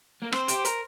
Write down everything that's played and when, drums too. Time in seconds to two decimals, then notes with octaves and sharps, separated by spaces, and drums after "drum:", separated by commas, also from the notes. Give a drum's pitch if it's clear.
0.22 A#3
0.32 C4 C5, drum: rim click
0.48 G4, drum: hi-hat
0.65 A#4, drum: hi-hat